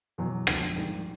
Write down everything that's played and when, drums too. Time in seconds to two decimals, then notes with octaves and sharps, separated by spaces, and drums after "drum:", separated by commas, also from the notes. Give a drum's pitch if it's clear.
0.18 F#1 E2 B2 F#3
0.47 F2 D3 F3 G#3 C4, drum: rim click
0.76 A#1 G#2 D#3 G3